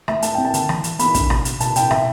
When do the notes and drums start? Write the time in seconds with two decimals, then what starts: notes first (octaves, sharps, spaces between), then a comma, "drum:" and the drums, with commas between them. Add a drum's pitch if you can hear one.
0.08 A3 E5, drum: rim click
0.22 A3 A5, drum: hi-hat
0.34 C4 G5
0.45 A5
0.54 D3, drum: hi-hat
0.69 E3, drum: rim click
0.84 E3, drum: hi-hat
0.99 B3 B5, drum: hi-hat
1.15 D4, drum: kick, hi-hat
1.30 B2, drum: rim click
1.45 B2, drum: hi-hat
1.60 B2 A5, drum: hi-hat
1.76 B2 G5, drum: hi-hat
1.91 B2 E5, drum: rim click